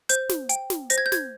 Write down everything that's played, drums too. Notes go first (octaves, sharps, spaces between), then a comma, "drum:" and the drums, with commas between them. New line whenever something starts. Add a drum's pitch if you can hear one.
C5 G6, drum: hi-hat
drum: snare
G5, drum: hi-hat
drum: snare
C5 A#6, drum: hi-hat
G#6
G6
G#6, drum: snare